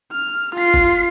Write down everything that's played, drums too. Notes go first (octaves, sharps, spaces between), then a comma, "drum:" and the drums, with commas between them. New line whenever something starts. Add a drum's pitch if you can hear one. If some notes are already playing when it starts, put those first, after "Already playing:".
F6
F4 C7
drum: kick F#1